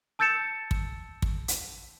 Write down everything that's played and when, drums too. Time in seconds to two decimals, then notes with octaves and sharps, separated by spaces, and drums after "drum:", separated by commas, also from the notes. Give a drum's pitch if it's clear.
0.19 A5 E6 G6 A6 C#7 E7
0.71 drum: kick
1.22 drum: kick
1.48 drum: hi-hat